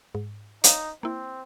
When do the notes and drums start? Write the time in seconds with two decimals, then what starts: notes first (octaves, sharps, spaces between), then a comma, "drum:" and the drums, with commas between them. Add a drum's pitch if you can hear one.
0.15 G#2
0.64 D#4 C#5 F5, drum: hi-hat
1.03 A#3 C4 E4